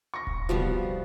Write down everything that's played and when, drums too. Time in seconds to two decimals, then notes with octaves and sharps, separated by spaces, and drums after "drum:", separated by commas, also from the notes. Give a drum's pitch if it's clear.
0.14 C#6 A#6
0.27 drum: kick D#1
0.49 C2 F3 G3 B3 F#4